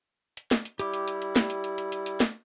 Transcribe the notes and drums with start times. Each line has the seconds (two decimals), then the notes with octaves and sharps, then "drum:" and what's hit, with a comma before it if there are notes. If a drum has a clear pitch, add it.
0.37 drum: hi-hat
0.51 drum: snare
0.65 drum: hi-hat
0.79 G3 E4 G4 D6, drum: hi-hat
0.94 drum: hi-hat
1.08 drum: hi-hat
1.22 drum: hi-hat
1.36 drum: snare
1.50 drum: hi-hat
1.64 drum: hi-hat
1.78 drum: hi-hat
1.92 drum: hi-hat
2.06 drum: hi-hat
2.20 drum: snare